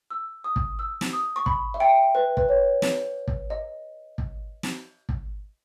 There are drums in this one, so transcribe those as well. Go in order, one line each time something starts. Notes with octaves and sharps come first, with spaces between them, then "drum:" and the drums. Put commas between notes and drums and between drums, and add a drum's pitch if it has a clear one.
E6
D#6
drum: kick
E6
drum: snare
D#6
C#6
B5, drum: kick
E5
G5
B4
B4, drum: kick
C#5
drum: snare
drum: kick
D#5
drum: kick
drum: snare
drum: kick